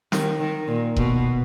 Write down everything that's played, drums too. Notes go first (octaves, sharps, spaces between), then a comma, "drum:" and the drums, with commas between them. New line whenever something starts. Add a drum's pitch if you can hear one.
D#3, drum: snare
D#3
A#2
B2, drum: kick E1